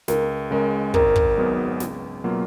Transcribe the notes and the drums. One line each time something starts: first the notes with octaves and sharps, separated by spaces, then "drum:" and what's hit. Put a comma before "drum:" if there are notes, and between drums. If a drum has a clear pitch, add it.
C#2 A#4, drum: snare
C#3 G#3 A#4
G#1 A#4, drum: kick
drum: kick
G#2 F#3 B3
C#2, drum: snare
B2 F#3 A#3 F4